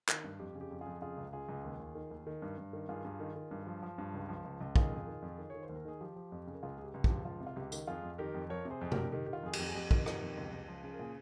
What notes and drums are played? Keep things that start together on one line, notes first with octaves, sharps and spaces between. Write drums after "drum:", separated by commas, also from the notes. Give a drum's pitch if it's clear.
D#3, drum: clap
G2
F2 G4
C#3
G4
F2
F4 G#4
F2
C#3 F4 G#4
C#2
C#3 F4 G#4
C#2
D#2
D#2
D#3
D#2
D#3
G2
G2
D#3
G2 F4 G#4
G2
D#3
D#3
G2
F3
F3
G2
C#2
F3
C#2
C#2
D#3 F4 G#4, drum: kick
F2
D#3
F2
D#3
D#3 C#5
C5
D#2
A#4
D#3 G#4
F3 G4
F3
F2
C#3
A#4
C#2 F4 G#4
C#3 G#4
G4
C#2
G4, drum: kick
F3
C#2 F4
C3
F4
C#2 G4
D#3, drum: tambourine
F2 F4 G#4
F2
D#3 G4 A#4
F2
F3 A#4 C#5
C3
G#4 C5
F2 G#4
G4 A#4, drum: tom C3
F2
D#3 G4
D#3 G4
F4
F2 G#4
G4, drum: cymbal
F2
G#4
F2 G4
D#3, drum: kick
D#3, drum: rim click
F2
C#2
C#2
F3
C#3
A#4
A#2 F4 G#4